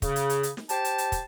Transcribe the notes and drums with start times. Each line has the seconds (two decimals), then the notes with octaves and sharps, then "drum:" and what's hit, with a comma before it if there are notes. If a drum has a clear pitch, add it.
0.02 C#3, drum: kick, hi-hat
0.16 drum: hi-hat
0.30 drum: hi-hat
0.43 drum: hi-hat
0.57 drum: snare
0.69 G4 C5 A5, drum: hi-hat
0.85 drum: hi-hat
0.98 drum: hi-hat
1.12 drum: kick, hi-hat